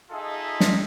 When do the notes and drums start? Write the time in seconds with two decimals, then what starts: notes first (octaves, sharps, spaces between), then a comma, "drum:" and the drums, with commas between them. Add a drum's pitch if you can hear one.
0.11 D#4 F4 G#4 A4 D#5 E5
0.60 drum: snare